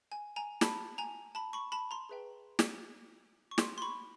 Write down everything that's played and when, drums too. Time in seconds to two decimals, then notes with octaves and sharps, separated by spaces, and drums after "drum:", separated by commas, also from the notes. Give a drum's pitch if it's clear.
0.12 G#5
0.36 G#5 A#5
0.61 A5 B5, drum: snare
0.98 G#5 A#5
1.35 A5 B5
1.53 B5 C#6
1.72 A5 B5
1.91 A#5 C6
2.09 G#4 B4 E5 G5
2.59 drum: snare
3.51 C#6
3.58 C6 D6, drum: snare
3.78 C6
3.82 B5 C#6